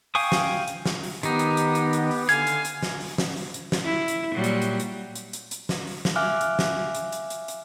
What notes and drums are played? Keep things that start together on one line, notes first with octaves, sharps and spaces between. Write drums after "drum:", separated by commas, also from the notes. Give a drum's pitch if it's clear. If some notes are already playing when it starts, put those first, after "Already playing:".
F5 G5 G#5 C#6 D#6, drum: open hi-hat
drum: snare
drum: hi-hat
drum: snare
drum: open hi-hat
D#3 B3 D#4 G4, drum: hi-hat
drum: hi-hat
drum: hi-hat
drum: hi-hat
drum: hi-hat
drum: open hi-hat
D3 F5 G#5 G#6, drum: hi-hat
drum: hi-hat
drum: hi-hat
drum: snare
drum: open hi-hat
drum: snare
drum: open hi-hat
drum: hi-hat
drum: snare
E4
drum: hi-hat
A#2 F#3 G3
drum: hi-hat
drum: hi-hat
drum: hi-hat
drum: hi-hat
drum: hi-hat
drum: hi-hat
drum: snare
drum: open hi-hat
drum: snare
E5 F5 G#5 D6 F6 F#6
drum: hi-hat
drum: snare
drum: hi-hat
drum: hi-hat
drum: hi-hat
drum: hi-hat